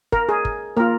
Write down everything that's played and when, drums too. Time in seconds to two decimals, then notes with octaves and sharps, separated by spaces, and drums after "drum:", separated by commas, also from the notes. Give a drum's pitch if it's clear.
0.12 A#4, drum: kick
0.29 G#4
0.45 drum: kick
0.77 A#3 F4 A#4